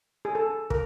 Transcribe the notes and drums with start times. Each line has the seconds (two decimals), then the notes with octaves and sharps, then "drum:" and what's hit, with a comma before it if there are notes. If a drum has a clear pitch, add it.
0.25 G#4
0.35 A4
0.70 A#4, drum: kick